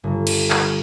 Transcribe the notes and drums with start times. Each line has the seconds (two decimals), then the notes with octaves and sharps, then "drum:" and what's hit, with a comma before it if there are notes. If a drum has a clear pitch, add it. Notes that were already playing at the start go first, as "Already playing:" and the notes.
0.04 G1
0.27 drum: cymbal
0.50 drum: clap